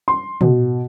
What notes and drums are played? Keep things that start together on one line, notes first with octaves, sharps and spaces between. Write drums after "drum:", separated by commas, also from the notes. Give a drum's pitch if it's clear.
C6
B2, drum: tom